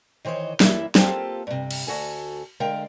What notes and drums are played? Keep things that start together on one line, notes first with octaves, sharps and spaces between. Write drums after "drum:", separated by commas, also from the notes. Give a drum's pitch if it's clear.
D#3 E3 C5 C#5 D#5
F#2 E3 A#3 C#4 E4 E5, drum: snare
A#3 C4 F4 G4 A4, drum: snare
G2 C3
drum: cymbal
D2 F#4 A4 G#5
D3 G#3 A#4 F5 G5